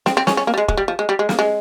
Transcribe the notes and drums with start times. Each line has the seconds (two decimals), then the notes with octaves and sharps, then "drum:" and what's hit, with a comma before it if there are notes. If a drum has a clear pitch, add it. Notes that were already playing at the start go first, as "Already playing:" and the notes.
0.06 C4, drum: snare
0.17 C4
0.27 C#4, drum: snare
0.37 C#4
0.47 A#3
0.54 G3
0.58 G#3
0.68 G#3, drum: kick E1
0.77 G3
0.88 F3
0.99 G#3
1.09 G3
1.19 G#3
1.29 A#3, drum: snare
1.39 G#3